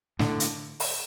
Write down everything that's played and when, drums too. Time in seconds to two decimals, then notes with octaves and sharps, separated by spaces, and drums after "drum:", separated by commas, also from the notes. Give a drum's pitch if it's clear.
0.19 A2 D3, drum: snare
0.40 drum: hi-hat
0.80 drum: open hi-hat